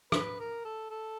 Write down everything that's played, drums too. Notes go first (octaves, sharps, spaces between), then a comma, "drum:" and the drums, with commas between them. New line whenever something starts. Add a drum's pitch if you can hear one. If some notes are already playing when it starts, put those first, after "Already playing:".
G#4 B4, drum: rim click
A#4
A4
A4